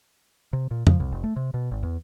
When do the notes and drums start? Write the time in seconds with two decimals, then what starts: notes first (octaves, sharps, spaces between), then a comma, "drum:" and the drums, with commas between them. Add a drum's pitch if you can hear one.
0.53 C3
0.71 A#2
0.87 F3, drum: tom F2
1.00 C2
1.12 F1
1.24 A3
1.36 C3
1.54 B2
1.71 G#1
1.83 E2